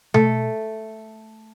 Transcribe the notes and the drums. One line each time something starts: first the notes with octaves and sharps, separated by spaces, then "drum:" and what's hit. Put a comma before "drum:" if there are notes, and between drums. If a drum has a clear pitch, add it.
A3, drum: tom B2